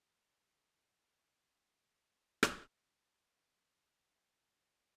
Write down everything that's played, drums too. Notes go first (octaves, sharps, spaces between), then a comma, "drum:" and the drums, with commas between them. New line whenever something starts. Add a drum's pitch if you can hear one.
C6
C4
drum: rim click
C4 D#4 F#4 B4
F3 F4 B4
A#2 B4 D#5 C6